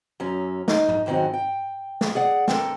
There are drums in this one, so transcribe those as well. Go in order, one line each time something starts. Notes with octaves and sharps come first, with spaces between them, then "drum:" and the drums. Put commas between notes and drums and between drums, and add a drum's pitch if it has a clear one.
F#2 F#3 C#4
D#4, drum: snare
drum: tom G#2
F2 G#2 D#3 F#3 C4
G5
drum: snare
G#4 D5 F#5
C4 D4 A4 A#4, drum: snare